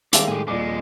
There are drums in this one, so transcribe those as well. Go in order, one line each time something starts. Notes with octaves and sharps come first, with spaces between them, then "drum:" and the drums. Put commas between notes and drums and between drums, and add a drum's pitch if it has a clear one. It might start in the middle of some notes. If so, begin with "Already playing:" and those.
D#3 G3 G#3 D5 E5 F5 G5, drum: hi-hat
A2 G4 G#4
D#1 F2 A#2 G#3 D5 D6